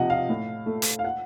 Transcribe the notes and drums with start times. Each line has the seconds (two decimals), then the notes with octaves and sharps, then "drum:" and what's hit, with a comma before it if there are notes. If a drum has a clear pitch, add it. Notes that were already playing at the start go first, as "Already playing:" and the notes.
Already playing: C3 F3 D#5 F#5
0.10 F5
0.29 A2
0.66 A3
0.82 drum: hi-hat
0.99 F5
1.04 F#5